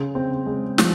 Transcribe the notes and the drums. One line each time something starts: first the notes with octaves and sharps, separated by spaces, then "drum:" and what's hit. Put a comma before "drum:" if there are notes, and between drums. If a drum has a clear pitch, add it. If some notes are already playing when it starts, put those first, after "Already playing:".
Already playing: C#3
C4
G#3
F3, drum: snare